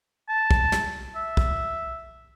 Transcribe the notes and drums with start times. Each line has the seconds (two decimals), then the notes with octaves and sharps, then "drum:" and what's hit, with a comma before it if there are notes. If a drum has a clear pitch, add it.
0.29 A5
0.51 drum: kick
0.72 drum: snare
1.16 E5
1.37 drum: kick